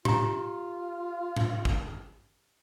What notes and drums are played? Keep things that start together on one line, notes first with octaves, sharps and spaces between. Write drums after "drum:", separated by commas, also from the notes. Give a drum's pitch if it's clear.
F4 G4 A#5, drum: tom A2
drum: tom A2
drum: kick